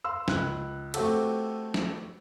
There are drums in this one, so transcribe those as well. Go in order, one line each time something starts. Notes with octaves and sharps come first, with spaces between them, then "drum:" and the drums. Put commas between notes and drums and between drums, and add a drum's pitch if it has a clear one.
F5 C6 E6
C#2 F#6, drum: snare
A3 C4 F#4 G4 A4, drum: cymbal
drum: snare